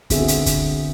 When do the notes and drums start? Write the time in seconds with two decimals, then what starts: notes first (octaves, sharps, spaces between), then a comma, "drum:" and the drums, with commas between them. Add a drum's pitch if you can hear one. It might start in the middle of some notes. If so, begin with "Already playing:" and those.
0.10 D3 B3 C4 F#4 G#4 E5, drum: kick, hi-hat
0.28 drum: hi-hat
0.46 drum: kick, hi-hat